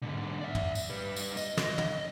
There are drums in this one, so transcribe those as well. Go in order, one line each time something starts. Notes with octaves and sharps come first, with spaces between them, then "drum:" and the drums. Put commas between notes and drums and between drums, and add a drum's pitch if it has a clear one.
G#2 D3
D5 E5
drum: tom
drum: tambourine
G3 B4
drum: tambourine
D#5, drum: tambourine
drum: snare
drum: tom